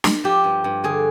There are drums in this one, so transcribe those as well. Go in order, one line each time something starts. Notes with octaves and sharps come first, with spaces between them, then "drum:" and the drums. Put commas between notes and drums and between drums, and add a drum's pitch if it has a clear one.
drum: snare
F3 G4
G2
G2
D3 G#4